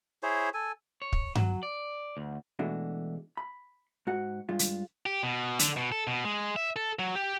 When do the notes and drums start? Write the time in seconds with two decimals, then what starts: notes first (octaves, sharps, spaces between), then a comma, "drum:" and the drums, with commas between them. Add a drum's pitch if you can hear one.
0.23 E4 G#4 C5 C#5
0.54 A4 G#5
1.02 C#5
1.13 drum: kick
1.35 F#3, drum: tom G2
1.63 D5
2.17 D2
2.59 B2 E3 G#3 A3 D4 F#4
3.37 B5
4.07 G#2 F#4 F#5
4.49 G2 G#3 F4
4.59 drum: hi-hat
5.06 G4
5.23 B2
5.59 D3, drum: hi-hat
5.77 B2
5.92 A4
6.07 B2
6.25 G#3
6.56 E5
6.76 A4
6.99 F#3
7.15 G4